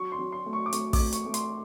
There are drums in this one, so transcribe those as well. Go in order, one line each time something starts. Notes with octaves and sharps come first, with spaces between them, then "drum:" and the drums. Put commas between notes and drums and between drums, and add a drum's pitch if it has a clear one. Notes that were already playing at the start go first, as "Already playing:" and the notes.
Already playing: F#3 C#6
C6
F#3
C6
A3
C#6
D6
A3 C#6, drum: hi-hat
D6, drum: kick, open hi-hat
A3
C#6, drum: hi-hat
A3
C6, drum: hi-hat